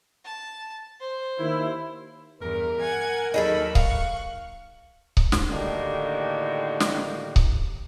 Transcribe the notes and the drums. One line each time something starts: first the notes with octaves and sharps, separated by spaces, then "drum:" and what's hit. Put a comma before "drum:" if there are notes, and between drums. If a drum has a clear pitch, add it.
A5
C5
D#2 E4
E2 G2 A#4
F#5 G#5 G#6
D#2 F#3 D#4 G#4 A4 B5
F5 C#6 F#6, drum: kick C#1
drum: kick C#1
drum: snare
A2 D3 D#3 A#3 F#4 G4
drum: snare
drum: kick C#1